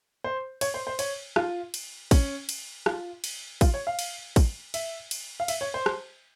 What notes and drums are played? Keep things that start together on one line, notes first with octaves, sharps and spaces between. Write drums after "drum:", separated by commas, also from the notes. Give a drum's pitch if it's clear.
C5
C#5, drum: cymbal
C5
C5
C#5, drum: cymbal
F4, drum: rim click
drum: cymbal
C#4, drum: kick, cymbal
drum: cymbal
F4, drum: rim click
drum: cymbal
F4, drum: kick, cymbal
C#5
F5
drum: cymbal
drum: kick, cymbal
E5, drum: cymbal
drum: cymbal
F5
E5, drum: cymbal
C#5
C5
drum: rim click